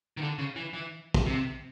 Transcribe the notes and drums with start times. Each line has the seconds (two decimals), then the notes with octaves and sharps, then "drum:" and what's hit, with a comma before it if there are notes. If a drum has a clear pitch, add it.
0.17 D#3
0.22 D3
0.38 C#3
0.56 E3
0.73 E3
1.14 drum: kick
1.26 C3